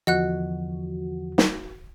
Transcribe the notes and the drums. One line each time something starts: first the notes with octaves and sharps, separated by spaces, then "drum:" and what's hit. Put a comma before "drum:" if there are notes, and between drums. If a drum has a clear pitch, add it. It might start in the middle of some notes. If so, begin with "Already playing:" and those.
E2 D3 E3 F3 F#4 D#5 F#5 F#6
drum: snare